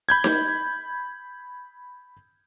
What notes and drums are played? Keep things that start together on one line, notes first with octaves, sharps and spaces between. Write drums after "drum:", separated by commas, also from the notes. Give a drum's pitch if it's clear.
B5 G6 G#6
drum: snare D#4